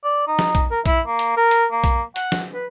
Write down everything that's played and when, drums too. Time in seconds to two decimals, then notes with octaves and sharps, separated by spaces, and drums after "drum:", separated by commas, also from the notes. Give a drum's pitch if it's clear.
0.04 D5
0.28 D#4
0.39 drum: snare
0.55 drum: kick, hi-hat
0.71 A#4
0.86 E4, drum: kick, hi-hat
1.07 A#3
1.19 drum: hi-hat
1.37 A#4
1.51 drum: hi-hat
1.71 A#3
1.84 drum: kick, hi-hat
2.16 F#5, drum: hi-hat
2.32 drum: snare
2.54 B4